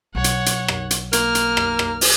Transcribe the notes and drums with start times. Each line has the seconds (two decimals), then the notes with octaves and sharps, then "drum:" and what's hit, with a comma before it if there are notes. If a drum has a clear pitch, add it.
0.15 B1 C#5 F#5
0.24 drum: hi-hat
0.46 drum: hi-hat
0.68 drum: rim click
0.91 drum: hi-hat
1.13 A#3 F6, drum: hi-hat
1.35 drum: hi-hat
1.57 drum: rim click
1.79 drum: rim click
2.01 drum: open hi-hat